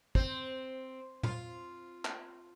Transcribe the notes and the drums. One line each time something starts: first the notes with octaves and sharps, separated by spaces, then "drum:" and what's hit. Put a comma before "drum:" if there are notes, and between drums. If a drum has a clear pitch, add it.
C4, drum: kick
F4, drum: tom
drum: clap